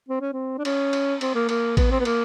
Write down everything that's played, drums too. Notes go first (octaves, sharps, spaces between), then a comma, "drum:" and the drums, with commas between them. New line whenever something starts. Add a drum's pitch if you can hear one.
C4
C#4
C4
D4
C#4, drum: cymbal
drum: cymbal
C4, drum: cymbal
A#3
A#3, drum: cymbal
B3, drum: kick A1, cymbal
C4
B3
A#3, drum: cymbal